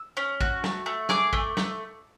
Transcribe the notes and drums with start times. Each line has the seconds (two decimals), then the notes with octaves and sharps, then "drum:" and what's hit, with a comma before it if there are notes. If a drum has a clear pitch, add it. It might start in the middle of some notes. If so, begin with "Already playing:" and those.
Already playing: E6
0.17 C#4
0.41 F#4, drum: kick
0.64 A3, drum: snare
0.86 A3
1.09 G#4 D6, drum: snare
1.33 A3, drum: kick
1.57 A3, drum: snare